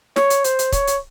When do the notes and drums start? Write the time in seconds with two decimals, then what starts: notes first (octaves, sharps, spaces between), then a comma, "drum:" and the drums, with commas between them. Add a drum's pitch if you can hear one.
0.16 C#5, drum: snare
0.30 drum: hi-hat
0.44 C5, drum: hi-hat
0.59 drum: hi-hat
0.72 C#5, drum: kick, hi-hat
0.87 drum: hi-hat